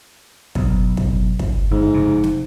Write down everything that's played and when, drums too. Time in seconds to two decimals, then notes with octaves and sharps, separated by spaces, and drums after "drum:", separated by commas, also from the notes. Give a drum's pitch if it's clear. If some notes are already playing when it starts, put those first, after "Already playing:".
0.55 B1, drum: kick
0.97 drum: kick
1.39 drum: kick
1.71 G1 G#2
1.94 F1 C3
2.24 drum: snare